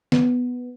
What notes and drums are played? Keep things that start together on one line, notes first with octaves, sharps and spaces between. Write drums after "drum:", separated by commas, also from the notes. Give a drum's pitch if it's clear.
B3, drum: snare